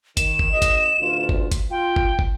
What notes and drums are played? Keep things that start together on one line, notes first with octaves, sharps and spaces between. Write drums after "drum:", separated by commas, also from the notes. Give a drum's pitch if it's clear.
D#3 E7, drum: kick, hi-hat
drum: kick
A1 D#5
drum: kick, hi-hat
A1 D2 F4
drum: kick
drum: kick, hi-hat
F4 G5
drum: kick
drum: kick